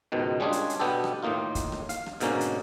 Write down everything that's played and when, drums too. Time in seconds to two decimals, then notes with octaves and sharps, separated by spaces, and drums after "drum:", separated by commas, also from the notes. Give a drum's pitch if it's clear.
0.12 C#2 G#2 B2 D#3
0.40 G3 G#3 C#4 D4 F4 G#4
0.52 drum: hi-hat
0.70 drum: hi-hat
0.80 B2 B3 D4 G4 A4
1.04 drum: rim click
1.22 A2 D#3 A#3 D#4 F4
1.55 drum: kick, hi-hat
1.72 drum: rim click
1.89 F5, drum: hi-hat
2.06 drum: rim click
2.20 G#2 B2 D3 A#3 C#4, drum: hi-hat
2.41 drum: hi-hat